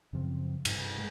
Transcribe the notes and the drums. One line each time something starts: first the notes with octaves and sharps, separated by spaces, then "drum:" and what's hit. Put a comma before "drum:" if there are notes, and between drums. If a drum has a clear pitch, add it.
F#2 C#3 F3 C4
G2 C3, drum: cymbal
G2 G#3